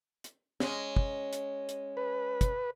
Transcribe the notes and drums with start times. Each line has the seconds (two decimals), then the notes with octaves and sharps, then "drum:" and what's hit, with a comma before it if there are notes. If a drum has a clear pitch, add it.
0.24 drum: hi-hat
0.60 G#3 C#4, drum: snare
0.96 drum: kick
1.33 drum: hi-hat
1.69 drum: hi-hat
1.97 B4
2.41 drum: kick, hi-hat